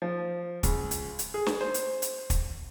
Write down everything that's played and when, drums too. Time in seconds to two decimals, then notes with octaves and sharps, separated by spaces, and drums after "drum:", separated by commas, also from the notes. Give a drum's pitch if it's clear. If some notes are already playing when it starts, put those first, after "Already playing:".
0.02 F3
0.63 C#2, drum: kick, hi-hat
0.91 drum: hi-hat
1.19 drum: hi-hat
1.34 G#4
1.46 drum: snare
1.61 C5
1.74 drum: hi-hat
2.02 drum: hi-hat
2.30 drum: kick, hi-hat